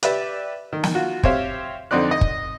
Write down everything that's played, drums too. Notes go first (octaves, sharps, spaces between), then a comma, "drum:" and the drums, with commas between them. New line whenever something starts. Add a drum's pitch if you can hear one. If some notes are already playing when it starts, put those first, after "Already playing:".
G4 B4 D5 E5, drum: hi-hat
D#3
drum: snare
F4 F#4
C4 G4 C5 C#5 E5 F5, drum: kick
F2 D3 C4 D#4 D5 F#6
D#5
drum: kick